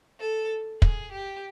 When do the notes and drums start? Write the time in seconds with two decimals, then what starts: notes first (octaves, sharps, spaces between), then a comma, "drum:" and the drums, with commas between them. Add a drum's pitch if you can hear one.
0.20 A4
0.82 G#4, drum: kick
1.12 G4